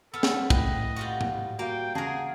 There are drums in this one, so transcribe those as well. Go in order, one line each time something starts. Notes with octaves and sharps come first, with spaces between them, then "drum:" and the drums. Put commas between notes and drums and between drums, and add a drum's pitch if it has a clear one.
B3 A4 E6 F6
drum: snare
A2 B4 D#5 G5, drum: kick
G3 F4 F#4
drum: tom G#2
A#3 F#4 F5 G5
C#3 F#4 G#4 A#4 A5 C7